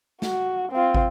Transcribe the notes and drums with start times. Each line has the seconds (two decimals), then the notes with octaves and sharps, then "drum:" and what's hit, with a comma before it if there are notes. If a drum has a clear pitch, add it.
0.22 F#4, drum: snare
0.72 C4 F4
0.94 drum: kick